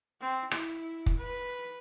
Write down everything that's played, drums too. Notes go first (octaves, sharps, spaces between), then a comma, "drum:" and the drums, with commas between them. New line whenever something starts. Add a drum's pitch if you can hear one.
C4
E4, drum: rim click
drum: kick
B4